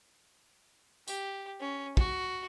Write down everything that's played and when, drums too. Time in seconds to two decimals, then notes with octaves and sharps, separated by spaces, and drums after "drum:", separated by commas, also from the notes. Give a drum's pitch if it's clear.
1.08 G4, drum: tambourine
1.60 C#4
1.97 F#4, drum: kick